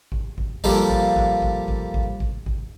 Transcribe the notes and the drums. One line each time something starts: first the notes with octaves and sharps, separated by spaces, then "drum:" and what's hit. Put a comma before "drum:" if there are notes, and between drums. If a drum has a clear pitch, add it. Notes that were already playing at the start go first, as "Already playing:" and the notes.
drum: kick G#1
drum: kick G#1
F3 G3 A#3 A4 D5, drum: kick G#1
drum: kick G#1
drum: kick G#1
drum: kick G#1
drum: kick G#1
drum: kick G#1
drum: kick G#1
drum: kick G#1